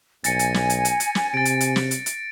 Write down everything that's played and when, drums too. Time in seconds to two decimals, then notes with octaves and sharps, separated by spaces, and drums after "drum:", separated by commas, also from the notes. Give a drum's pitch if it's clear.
0.24 B1 G#5 A6 A#6 C#7, drum: hi-hat
0.39 drum: hi-hat
0.54 drum: snare
0.70 drum: hi-hat
0.85 drum: hi-hat
1.00 drum: hi-hat
1.15 drum: snare
1.34 C3 A6 D7
1.45 drum: hi-hat
1.61 drum: hi-hat
1.76 drum: snare
1.91 drum: hi-hat
2.06 drum: hi-hat